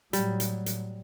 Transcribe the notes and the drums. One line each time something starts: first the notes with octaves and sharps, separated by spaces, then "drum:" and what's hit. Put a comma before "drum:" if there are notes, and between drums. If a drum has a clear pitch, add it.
A2 F#3 G3, drum: hi-hat
drum: hi-hat
drum: hi-hat